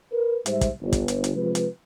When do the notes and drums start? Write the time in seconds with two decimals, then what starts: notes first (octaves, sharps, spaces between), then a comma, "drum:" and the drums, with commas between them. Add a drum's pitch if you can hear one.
0.12 A#4 B4
0.46 G#2 G3 G4 C5 E5, drum: hi-hat
0.61 drum: kick, hi-hat
0.81 G1
0.93 drum: kick, hi-hat
1.08 drum: hi-hat
1.24 drum: hi-hat
1.35 C3 F3 G#3 B4
1.55 drum: hi-hat